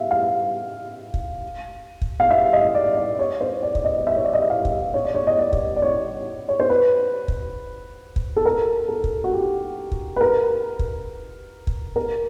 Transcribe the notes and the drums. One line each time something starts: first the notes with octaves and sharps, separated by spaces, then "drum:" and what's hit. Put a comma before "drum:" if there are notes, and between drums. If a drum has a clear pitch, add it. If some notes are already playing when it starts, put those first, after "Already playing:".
Already playing: E5 F5
F5
drum: kick
drum: kick
F5
E5
D#5
D5
D5
C#5
C5
D5
D5, drum: kick
D#5
D#5
E5
C#5
D5
D#5
E5
F5
drum: kick
C#5
D5
C#5
D#5
D5
drum: kick
D5
C#5
C#5
C5
B4
drum: kick
drum: kick
A4
A#4
A4
drum: kick
F#4
G4
drum: kick
B4
A#4
drum: kick
drum: kick
A#4